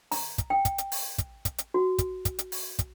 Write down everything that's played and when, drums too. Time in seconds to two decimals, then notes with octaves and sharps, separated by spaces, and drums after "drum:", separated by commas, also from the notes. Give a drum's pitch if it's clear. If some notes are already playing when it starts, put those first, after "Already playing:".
0.12 A#5, drum: open hi-hat
0.38 drum: kick, hi-hat
0.50 G5
0.65 drum: kick, hi-hat
0.78 drum: hi-hat
0.92 drum: open hi-hat
1.18 drum: kick, hi-hat
1.45 drum: kick, hi-hat
1.58 drum: hi-hat
1.74 F#4
1.98 drum: kick, hi-hat
2.25 drum: kick, hi-hat
2.39 drum: hi-hat
2.52 drum: open hi-hat
2.79 drum: kick, hi-hat